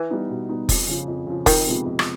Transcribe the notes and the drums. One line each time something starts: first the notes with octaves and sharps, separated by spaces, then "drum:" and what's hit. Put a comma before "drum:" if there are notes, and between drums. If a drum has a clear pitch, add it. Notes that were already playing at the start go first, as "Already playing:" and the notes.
Already playing: E3
G3 B3 D#4
B2
G3 B3 D#4
F2, drum: kick F1, open hi-hat
C#3 F3
F2
C#3 F3
F2 D#3, drum: kick F1, open hi-hat
C3 F3 G#3 B3
F2
drum: rim click